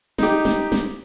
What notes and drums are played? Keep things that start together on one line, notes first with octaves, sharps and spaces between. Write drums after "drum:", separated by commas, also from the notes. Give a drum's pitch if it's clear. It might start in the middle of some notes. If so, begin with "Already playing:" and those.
D#4 G4, drum: snare
drum: snare
drum: snare